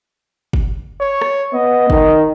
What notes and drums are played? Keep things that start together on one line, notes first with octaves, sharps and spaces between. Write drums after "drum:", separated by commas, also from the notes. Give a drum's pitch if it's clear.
drum: kick
C#5
drum: rim click
B3 D#5
D#3, drum: kick